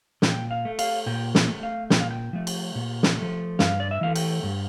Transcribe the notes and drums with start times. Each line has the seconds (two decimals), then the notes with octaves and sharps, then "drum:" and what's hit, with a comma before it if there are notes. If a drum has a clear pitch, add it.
0.22 A#2 G5, drum: snare
0.51 F5
0.65 A3
0.79 F5, drum: cymbal
1.06 A#2 G5
1.35 drum: snare
1.48 A3
1.63 F5
1.90 A#2 G5, drum: snare
2.00 F5
2.11 G5
2.33 F3 A3
2.47 drum: cymbal
2.75 A#2
3.03 drum: snare
3.18 F3 A3
3.59 G2 F5, drum: snare
3.80 D5
3.91 E5
4.01 E3 A3 F5
4.16 G5, drum: cymbal
4.43 G2